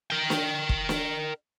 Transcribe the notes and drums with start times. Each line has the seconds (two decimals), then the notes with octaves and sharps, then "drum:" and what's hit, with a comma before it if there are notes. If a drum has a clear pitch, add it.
0.10 A#4 G5
0.30 drum: snare
0.69 drum: kick
0.89 drum: snare